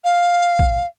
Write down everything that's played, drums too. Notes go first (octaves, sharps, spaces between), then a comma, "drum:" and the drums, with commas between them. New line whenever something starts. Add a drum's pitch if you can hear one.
F5
drum: kick A#1